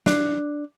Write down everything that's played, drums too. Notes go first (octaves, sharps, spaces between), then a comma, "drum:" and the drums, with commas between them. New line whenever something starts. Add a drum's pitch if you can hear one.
D4, drum: snare